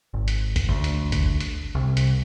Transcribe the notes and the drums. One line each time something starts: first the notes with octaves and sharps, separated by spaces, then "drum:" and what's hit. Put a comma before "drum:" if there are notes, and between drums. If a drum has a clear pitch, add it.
G#1
drum: hi-hat
drum: kick G1, hi-hat
D2
drum: hi-hat
drum: kick G1, hi-hat
drum: hi-hat
C2
drum: hi-hat